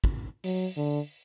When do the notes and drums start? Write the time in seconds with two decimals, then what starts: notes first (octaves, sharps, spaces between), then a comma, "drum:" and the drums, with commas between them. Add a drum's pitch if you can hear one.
0.04 drum: kick
0.44 F#3, drum: open hi-hat
0.77 D3